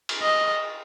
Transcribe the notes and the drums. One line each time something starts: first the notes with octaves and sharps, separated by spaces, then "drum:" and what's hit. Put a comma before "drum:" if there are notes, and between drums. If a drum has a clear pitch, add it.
drum: cymbal
D#5